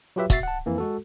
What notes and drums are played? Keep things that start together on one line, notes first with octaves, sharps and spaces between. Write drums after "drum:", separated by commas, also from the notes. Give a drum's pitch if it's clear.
F#3 F4 G4 B4 E5
B2 F#4 E5 A6 C7, drum: kick, hi-hat
F#5 A5
F2 E3 A#3
G#3 F#4 A4